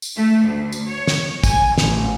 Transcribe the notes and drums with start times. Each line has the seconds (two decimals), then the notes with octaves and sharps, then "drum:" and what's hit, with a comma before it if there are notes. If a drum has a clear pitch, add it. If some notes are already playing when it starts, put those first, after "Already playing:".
0.02 drum: tambourine
0.16 A3
0.45 D2
0.72 drum: tambourine
0.88 C#5
1.07 drum: snare
1.44 G#5, drum: kick, tambourine
1.78 A1, drum: snare